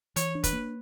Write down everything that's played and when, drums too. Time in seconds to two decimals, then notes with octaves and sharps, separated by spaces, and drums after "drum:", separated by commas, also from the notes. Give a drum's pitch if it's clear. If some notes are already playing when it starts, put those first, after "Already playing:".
0.16 E3 C#5, drum: hi-hat
0.35 D4
0.44 B4, drum: kick, hi-hat
0.53 A#3